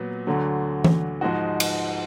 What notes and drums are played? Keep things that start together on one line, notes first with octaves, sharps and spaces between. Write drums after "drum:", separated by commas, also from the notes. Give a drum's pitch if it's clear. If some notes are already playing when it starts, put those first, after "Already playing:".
Already playing: A#2 F#3 B3
D2 D3 F#3
drum: tom E3
G#2 F3 G#3 D#4 F#4
drum: cymbal